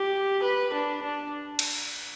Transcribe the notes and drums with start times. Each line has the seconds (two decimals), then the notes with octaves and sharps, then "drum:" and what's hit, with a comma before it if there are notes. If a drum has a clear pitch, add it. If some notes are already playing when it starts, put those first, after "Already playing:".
Already playing: G4
0.43 B4
0.73 D4
1.02 D4
1.59 drum: cymbal